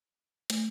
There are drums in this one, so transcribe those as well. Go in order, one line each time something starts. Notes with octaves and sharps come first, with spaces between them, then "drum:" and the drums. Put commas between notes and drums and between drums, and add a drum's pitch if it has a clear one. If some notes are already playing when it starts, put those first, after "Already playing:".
A3, drum: hi-hat